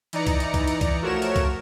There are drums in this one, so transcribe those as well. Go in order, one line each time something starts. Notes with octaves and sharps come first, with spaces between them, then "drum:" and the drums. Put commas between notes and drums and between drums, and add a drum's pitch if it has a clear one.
E3 D#4 D5 A#5 C#7, drum: cymbal
drum: kick, cymbal
drum: cymbal
drum: kick, cymbal
drum: cymbal
drum: kick, cymbal
F3 A3 F#4 A#4 C#5 E7
drum: cymbal
drum: kick, cymbal